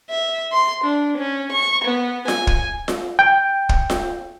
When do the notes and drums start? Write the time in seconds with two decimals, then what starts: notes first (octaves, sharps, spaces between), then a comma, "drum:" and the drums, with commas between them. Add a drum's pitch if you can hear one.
0.10 E5
0.52 C6
0.84 D4
1.18 C#4
1.52 C#6
1.85 B3
2.28 G#5, drum: snare F4
2.47 drum: kick
2.88 drum: snare F4
3.19 G5
3.69 drum: kick
3.90 drum: snare F4